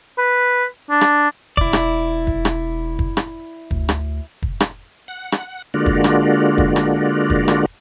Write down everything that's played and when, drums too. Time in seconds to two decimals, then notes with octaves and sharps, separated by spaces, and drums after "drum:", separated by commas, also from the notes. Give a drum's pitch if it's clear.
0.18 B4
0.90 D4
1.01 drum: rim click
1.57 E1 E4 D5, drum: kick
1.73 drum: rim click
2.27 drum: kick
2.45 drum: rim click
2.99 drum: kick
3.17 drum: rim click
3.71 D2, drum: kick
3.89 drum: rim click
4.42 drum: kick
4.60 drum: rim click
5.08 F#5
5.32 drum: rim click
5.74 D3 G#3 A#3 D4 F4 F#4
5.86 drum: kick
6.04 drum: rim click
6.58 drum: kick
6.76 drum: rim click
7.30 drum: kick
7.48 drum: rim click